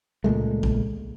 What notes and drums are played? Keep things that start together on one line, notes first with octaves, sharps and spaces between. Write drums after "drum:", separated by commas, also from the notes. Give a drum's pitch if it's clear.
C#2 A#2 G#3 A3
drum: kick